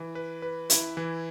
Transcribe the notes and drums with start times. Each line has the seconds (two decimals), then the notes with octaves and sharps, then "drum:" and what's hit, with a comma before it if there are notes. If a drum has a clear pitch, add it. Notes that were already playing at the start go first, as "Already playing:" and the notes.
Already playing: E3
0.15 B4
0.42 B4
0.70 E4, drum: hi-hat
0.97 E3